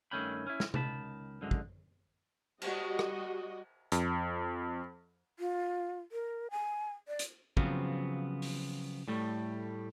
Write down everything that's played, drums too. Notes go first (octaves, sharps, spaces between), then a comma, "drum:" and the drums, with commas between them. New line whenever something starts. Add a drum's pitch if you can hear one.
G2 D#3 A3 C#4 G5 B5
C#4 E4
drum: snare
C#2 D#3 A5 B5, drum: tom C3
C2 F#2 D3 G#3
drum: kick
G3 F#4 D#5, drum: cymbal
drum: rim click
F2, drum: hi-hat
F4
A#4
G#5
D5
drum: hi-hat
C#3 F3 F#3 B3 C4, drum: kick
drum: open hi-hat
A2 G3 A3